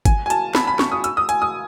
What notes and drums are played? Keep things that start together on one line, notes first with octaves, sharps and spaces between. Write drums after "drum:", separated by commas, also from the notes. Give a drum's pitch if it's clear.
G#5, drum: kick, hi-hat
G#5
A5, drum: hi-hat
B5, drum: snare
B5
C#6, drum: snare
D#6
E6, drum: hi-hat
D#6
G#5, drum: hi-hat
D#6